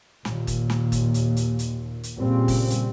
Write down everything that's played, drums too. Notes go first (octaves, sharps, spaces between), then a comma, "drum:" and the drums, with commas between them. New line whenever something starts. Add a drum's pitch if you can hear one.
D#2 A#2, drum: snare
drum: kick, hi-hat
drum: snare
drum: kick, hi-hat
drum: hi-hat
drum: hi-hat
drum: hi-hat
drum: hi-hat
A#2 C#3 G3 C4
drum: kick, open hi-hat
drum: hi-hat